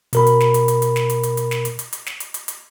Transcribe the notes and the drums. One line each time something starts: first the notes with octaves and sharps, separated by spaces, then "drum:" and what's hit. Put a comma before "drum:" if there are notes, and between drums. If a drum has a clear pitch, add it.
B2 A#4 B5, drum: hi-hat
drum: hi-hat
drum: snare
drum: hi-hat
drum: hi-hat
drum: hi-hat
drum: snare
drum: hi-hat
drum: hi-hat
drum: hi-hat
drum: snare
drum: hi-hat
drum: hi-hat
drum: hi-hat
drum: snare
drum: hi-hat
drum: hi-hat
drum: hi-hat